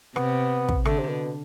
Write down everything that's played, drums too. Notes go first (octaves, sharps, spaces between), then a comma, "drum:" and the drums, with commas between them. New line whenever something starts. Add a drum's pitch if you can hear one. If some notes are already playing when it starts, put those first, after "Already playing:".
C3 B3, drum: rim click
drum: kick
D3 A3, drum: rim click
C3
B2